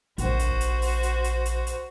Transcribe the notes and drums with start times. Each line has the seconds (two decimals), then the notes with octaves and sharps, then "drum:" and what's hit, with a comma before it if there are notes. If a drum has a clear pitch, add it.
0.18 A#1 F#4 C5, drum: hi-hat
0.39 drum: kick, hi-hat
0.61 drum: hi-hat
0.82 drum: open hi-hat
1.03 drum: hi-hat
1.24 drum: hi-hat
1.45 drum: hi-hat
1.67 drum: hi-hat